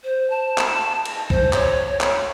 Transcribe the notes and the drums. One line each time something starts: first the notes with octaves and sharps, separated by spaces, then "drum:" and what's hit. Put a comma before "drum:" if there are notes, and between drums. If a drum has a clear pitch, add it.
C5
A5
drum: clap
drum: cymbal
C5, drum: kick B1
C#5, drum: clap
drum: clap